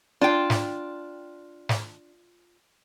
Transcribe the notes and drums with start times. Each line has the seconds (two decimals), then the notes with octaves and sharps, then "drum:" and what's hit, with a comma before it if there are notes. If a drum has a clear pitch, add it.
0.21 D4 F4 G5
0.50 drum: snare
1.69 drum: snare